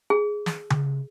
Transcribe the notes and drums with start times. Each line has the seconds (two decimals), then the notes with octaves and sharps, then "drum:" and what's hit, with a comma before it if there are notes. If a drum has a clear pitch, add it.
0.10 G#4
0.46 drum: snare
0.70 drum: tom C#3